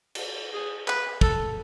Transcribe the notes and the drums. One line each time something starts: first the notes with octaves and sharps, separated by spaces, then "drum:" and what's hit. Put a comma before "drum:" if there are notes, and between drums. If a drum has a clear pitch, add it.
drum: cymbal
G#4
B4, drum: clap
A4, drum: kick